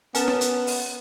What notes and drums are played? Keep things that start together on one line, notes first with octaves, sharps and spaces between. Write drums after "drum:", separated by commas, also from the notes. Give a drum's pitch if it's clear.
B3 C#4 A#4 A5, drum: hi-hat
drum: snare
drum: hi-hat
drum: open hi-hat